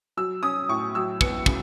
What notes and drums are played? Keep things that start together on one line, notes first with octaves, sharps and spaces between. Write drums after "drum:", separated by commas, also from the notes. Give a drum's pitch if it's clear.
F#3 E6
C#4 D#6
A2 C#6
F#3 E6
B3 C#7, drum: kick
C#3, drum: kick